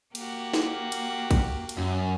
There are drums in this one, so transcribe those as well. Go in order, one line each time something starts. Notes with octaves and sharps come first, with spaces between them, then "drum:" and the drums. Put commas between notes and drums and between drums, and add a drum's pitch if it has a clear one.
A#3 F#4 G4, drum: cymbal
drum: snare
drum: cymbal
drum: kick A#1, cymbal
drum: cymbal
F#2